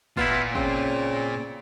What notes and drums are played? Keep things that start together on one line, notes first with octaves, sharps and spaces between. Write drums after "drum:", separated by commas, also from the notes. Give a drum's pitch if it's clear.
A#2 B3 E4 F4, drum: kick
C#3 C4 C#4, drum: kick